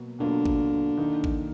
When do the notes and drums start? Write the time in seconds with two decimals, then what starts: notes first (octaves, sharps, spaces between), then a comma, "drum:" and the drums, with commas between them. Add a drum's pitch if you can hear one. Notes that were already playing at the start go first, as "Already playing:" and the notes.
Already playing: B2 F#3 A#3
0.19 B2 D3 F#3 A#3 F4
0.46 drum: kick G#1
0.97 D#3 A#3 D#4
1.24 drum: kick G#1